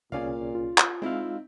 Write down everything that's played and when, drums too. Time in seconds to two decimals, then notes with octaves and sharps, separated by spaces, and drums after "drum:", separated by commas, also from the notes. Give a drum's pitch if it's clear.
0.12 C2 A#2 C#4 G#4 D5 F5
0.55 F4
0.78 drum: clap
1.02 G#3 C4 D#4 E4 F5